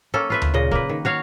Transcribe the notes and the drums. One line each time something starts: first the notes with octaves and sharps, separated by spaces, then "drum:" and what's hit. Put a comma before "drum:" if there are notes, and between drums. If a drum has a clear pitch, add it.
A#3 C#4 A4
F4 B4 E5
drum: tom D2
A#2 C#3 D#5
A#3 B4, drum: kick
D#3
F#4 C#5 F5